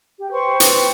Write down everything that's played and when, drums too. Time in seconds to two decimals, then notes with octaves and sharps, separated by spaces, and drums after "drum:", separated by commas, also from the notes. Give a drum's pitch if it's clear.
0.19 G4
0.31 B4 C5 G5 C#6
0.60 drum: hi-hat